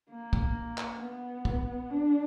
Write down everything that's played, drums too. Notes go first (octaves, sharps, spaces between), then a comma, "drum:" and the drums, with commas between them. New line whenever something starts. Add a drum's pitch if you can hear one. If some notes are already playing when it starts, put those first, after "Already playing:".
A#3
drum: kick
drum: clap
B3
drum: kick
D4